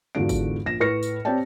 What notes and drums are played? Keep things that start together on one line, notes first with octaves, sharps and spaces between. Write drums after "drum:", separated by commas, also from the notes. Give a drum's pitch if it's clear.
E2 G#2 D3 F4 F#4 D7
drum: kick F#1, tambourine
A#1 A#6 E7
A2 B4 C#6 F6 A#6 C#7
drum: tambourine
C4 G4 C#5 D5 G5 A5